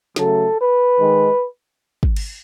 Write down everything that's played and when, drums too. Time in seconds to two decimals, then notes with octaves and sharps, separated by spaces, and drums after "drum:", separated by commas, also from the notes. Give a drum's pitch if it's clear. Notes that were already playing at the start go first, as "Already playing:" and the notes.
0.16 C#3 F#3 A3 A4, drum: snare
0.58 B4
0.99 D#3 G#3
2.03 drum: kick
2.16 drum: cymbal